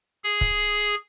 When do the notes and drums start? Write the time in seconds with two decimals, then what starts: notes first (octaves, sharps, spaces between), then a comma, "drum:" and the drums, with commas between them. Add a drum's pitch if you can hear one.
0.24 G#4
0.41 drum: kick C#1